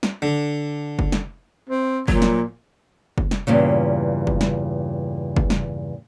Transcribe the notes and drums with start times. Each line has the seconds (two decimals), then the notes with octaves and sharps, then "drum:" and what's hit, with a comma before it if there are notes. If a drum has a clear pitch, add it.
0.03 drum: snare
0.22 D3
0.99 drum: kick
1.12 drum: snare
1.69 C4
2.08 A#2 F#3, drum: kick
2.22 drum: snare
3.18 drum: kick
3.31 drum: snare
3.47 E2 G2 A#2 C#3
4.27 drum: kick
4.41 drum: snare
5.36 drum: kick
5.50 drum: snare